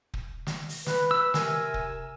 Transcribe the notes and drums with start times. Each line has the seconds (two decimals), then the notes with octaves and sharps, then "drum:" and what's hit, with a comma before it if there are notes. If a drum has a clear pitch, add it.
0.14 drum: kick
0.47 drum: snare
0.69 drum: open hi-hat
0.86 B4, drum: snare
1.11 E6
1.34 C3 A#4 G#5, drum: snare
1.74 drum: kick